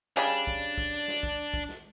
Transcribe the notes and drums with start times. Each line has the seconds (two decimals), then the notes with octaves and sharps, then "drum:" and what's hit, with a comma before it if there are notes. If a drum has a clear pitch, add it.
0.17 C#3 G3 D4
0.47 drum: kick
0.78 drum: kick
1.08 drum: snare
1.23 drum: kick
1.54 drum: kick
1.69 drum: snare